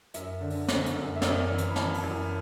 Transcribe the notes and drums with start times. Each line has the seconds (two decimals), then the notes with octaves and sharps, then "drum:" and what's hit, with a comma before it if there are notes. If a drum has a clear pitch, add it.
0.14 F#2 E5, drum: hi-hat
0.41 D3
0.50 drum: open hi-hat
0.68 D3, drum: snare
0.86 drum: hi-hat
0.95 F#2
1.16 E5
1.22 F#2 D5, drum: snare
1.49 E3
1.58 drum: hi-hat
1.71 B5
1.76 E3 A5, drum: snare
1.94 drum: open hi-hat
2.03 F#2